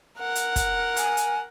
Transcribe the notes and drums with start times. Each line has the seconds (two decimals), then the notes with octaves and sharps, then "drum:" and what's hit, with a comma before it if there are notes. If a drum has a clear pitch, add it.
0.18 A#4 F#5
0.35 drum: hi-hat
0.56 drum: kick, hi-hat
0.97 G#5, drum: hi-hat
1.17 drum: hi-hat